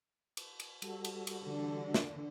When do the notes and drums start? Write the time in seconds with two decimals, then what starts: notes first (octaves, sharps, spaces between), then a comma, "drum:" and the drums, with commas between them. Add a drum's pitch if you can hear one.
0.37 drum: cymbal
0.60 drum: cymbal
0.82 G3 F#4 A4, drum: cymbal
1.05 drum: cymbal
1.27 drum: cymbal
1.44 D3 E3
1.94 drum: snare